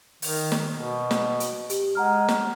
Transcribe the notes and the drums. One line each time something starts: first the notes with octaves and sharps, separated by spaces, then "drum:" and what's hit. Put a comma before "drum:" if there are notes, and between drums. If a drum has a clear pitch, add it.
D#3, drum: open hi-hat
drum: snare
B2
drum: snare
drum: hi-hat
G4, drum: hi-hat
G#3 F#5 A#5 F6
drum: snare